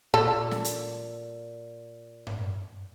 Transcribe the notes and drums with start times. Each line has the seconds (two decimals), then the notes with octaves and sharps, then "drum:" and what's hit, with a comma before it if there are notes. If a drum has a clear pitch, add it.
0.14 A#2 A4
0.51 drum: snare
0.64 drum: hi-hat
2.27 drum: tom G2